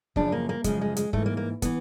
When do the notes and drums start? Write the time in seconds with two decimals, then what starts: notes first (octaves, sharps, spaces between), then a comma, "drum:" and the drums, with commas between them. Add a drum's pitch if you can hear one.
0.16 F#2 C#3 F3 D4, drum: kick
0.32 A#3
0.49 A#3
0.64 F#2 C#3 F3 G#3, drum: kick, hi-hat
0.81 G#3
0.97 G#3, drum: hi-hat
1.13 G#2 E3 A3, drum: kick
1.26 A#3
1.37 A#3
1.62 E3 B3, drum: kick, hi-hat